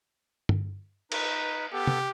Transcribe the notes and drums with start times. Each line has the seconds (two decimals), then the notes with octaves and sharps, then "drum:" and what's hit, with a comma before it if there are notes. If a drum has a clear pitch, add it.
0.49 drum: tom G2
1.12 D#4 B4, drum: cymbal
1.73 B3 G4 A4
1.87 drum: tom C3